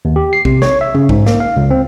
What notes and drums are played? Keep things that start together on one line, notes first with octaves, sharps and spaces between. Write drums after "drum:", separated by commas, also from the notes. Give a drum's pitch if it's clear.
D#2
G4
C7
C3, drum: kick B1
C#5, drum: snare
E5
C#3, drum: tom G2
G#2, drum: kick B1
A#3, drum: snare
F5
C#2
C4